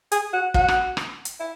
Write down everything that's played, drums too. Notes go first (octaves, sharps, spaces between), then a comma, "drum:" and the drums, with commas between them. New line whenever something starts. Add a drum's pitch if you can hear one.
G#4, drum: hi-hat
F#4
F#4, drum: kick
drum: rim click
drum: rim click
drum: hi-hat
E4